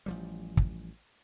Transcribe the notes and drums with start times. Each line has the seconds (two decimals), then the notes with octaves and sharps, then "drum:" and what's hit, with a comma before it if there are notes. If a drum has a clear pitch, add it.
0.06 A1 F3 G3
0.57 drum: kick